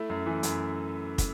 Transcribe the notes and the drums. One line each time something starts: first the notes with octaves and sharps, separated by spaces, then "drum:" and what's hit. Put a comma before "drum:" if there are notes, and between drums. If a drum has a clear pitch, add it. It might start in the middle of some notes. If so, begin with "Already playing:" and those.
Already playing: A3 E4
F#2
E3
F#2, drum: hi-hat
drum: kick, hi-hat